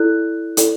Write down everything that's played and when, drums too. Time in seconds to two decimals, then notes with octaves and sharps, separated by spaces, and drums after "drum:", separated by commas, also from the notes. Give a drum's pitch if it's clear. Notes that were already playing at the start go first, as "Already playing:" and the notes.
Already playing: E4 A4 D5 F#6
0.57 E4 A4 D5, drum: hi-hat